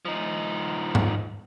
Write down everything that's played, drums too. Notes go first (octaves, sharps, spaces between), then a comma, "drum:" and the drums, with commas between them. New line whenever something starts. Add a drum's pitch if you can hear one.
F3 D#4
drum: tom G#2